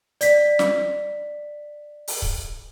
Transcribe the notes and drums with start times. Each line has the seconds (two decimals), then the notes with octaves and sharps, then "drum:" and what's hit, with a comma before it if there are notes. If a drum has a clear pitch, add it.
0.21 D5 B6, drum: hi-hat
0.59 drum: snare
2.08 drum: open hi-hat
2.22 drum: kick C#1